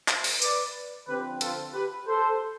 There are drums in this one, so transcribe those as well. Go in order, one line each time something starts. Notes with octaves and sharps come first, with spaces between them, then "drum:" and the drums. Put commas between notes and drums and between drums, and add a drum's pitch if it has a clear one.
C5 E5, drum: clap
drum: open hi-hat
B4 D5, drum: tambourine
D3 F3 C4 G4 B4
F4 A4, drum: hi-hat
G4 B4
A4 C5